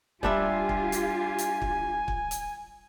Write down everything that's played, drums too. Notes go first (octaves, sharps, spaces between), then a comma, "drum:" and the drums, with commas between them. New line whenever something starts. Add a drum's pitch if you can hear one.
G3 D4 F4 G4 E5 G#5, drum: kick
drum: kick
drum: hi-hat
drum: hi-hat
drum: kick
drum: kick
drum: hi-hat